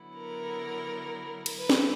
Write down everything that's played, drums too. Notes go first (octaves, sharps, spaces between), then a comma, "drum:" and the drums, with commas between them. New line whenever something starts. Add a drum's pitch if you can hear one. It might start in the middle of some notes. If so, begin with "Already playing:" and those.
Already playing: D3 F#3 B3 E4
A#4
drum: cymbal
B4
drum: snare